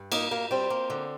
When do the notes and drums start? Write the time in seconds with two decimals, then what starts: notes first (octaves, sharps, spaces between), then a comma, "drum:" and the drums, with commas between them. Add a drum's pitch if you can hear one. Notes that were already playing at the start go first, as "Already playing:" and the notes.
Already playing: G2
0.12 A#3 D#4 D#5, drum: cymbal
0.31 G2 A#3 A#4
0.51 G3 C4 C5
0.70 A#3
0.90 D3